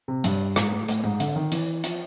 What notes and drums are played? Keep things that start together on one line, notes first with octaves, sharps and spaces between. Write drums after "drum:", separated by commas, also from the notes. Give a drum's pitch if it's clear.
C3
G2, drum: hi-hat
G#2, drum: rim click
A2
A2, drum: hi-hat
G#2
D3, drum: hi-hat
D#3
E3, drum: hi-hat
F3, drum: hi-hat